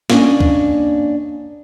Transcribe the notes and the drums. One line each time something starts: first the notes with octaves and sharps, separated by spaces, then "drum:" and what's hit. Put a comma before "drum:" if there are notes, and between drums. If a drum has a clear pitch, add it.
A#3 C#4 D4 D#5, drum: snare
drum: kick